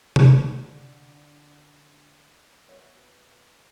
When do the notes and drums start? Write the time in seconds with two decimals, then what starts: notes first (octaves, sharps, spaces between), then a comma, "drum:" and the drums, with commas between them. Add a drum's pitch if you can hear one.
0.16 D3 D4, drum: tom C3
2.68 B3 F#4 C#5 E5 F#5